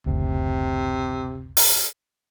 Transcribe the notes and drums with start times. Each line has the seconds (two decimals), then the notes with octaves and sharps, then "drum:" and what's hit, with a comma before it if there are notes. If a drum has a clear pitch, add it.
0.06 F#1 D2 C3
1.57 drum: open hi-hat